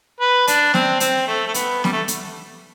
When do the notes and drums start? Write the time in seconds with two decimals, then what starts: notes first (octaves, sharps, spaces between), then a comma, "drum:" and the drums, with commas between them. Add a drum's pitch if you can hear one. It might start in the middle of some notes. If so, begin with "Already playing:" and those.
0.21 B4
0.47 D4, drum: hi-hat
0.74 C4, drum: snare
1.00 C4, drum: hi-hat
1.27 A3
1.47 A3
1.54 B3, drum: hi-hat
1.84 G3, drum: snare
1.92 A3
2.08 drum: hi-hat